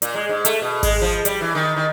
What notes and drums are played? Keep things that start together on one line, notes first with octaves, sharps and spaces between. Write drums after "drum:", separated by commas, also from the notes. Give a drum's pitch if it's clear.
A#2, drum: hi-hat
G#3
G#2
A3, drum: hi-hat
B2
G#3, drum: kick G#1, open hi-hat
F3
G3, drum: hi-hat
E3
D#3
D#3